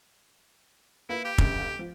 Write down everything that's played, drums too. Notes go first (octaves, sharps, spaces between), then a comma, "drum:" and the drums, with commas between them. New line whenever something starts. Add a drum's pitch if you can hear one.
A#3 E4 F4 B4
G4
F1 D2 C#3, drum: kick
F3